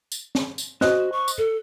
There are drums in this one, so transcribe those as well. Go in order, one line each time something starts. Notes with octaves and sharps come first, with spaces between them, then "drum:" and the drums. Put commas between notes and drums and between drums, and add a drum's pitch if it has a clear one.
drum: tambourine
drum: snare
drum: tambourine
F#4 C5 D#5 F#6, drum: snare
C#6
drum: tambourine
A4